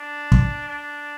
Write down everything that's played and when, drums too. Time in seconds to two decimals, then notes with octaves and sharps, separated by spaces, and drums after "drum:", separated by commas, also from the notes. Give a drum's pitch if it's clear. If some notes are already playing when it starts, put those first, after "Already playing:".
Already playing: D4
0.32 drum: kick
0.68 D4